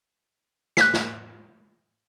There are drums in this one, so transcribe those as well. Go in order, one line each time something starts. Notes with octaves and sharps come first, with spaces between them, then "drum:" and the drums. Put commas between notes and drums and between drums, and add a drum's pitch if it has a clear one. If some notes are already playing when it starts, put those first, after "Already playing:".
F#6 B6, drum: snare
drum: snare